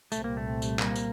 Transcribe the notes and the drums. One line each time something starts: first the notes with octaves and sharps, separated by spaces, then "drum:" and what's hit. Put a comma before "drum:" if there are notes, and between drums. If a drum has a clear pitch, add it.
C2 A#2 G3 A3 C4, drum: tambourine
A#3
A3
drum: tambourine
A#3, drum: clap
drum: tambourine